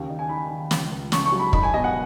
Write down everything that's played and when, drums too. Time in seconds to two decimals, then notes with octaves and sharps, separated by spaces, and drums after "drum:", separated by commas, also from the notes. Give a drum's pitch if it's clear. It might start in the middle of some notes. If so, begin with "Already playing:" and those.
Already playing: D#2 C#3
0.09 D#4
0.19 G#5
0.29 D#4 B5
0.50 D#3
0.71 C#2, drum: snare
0.91 C#2
1.12 C#3 C#6, drum: snare
1.26 C#6
1.32 F#3
1.40 B5
1.53 D#4 B5, drum: kick
1.63 G#5
1.74 B2 D#5
1.84 F#5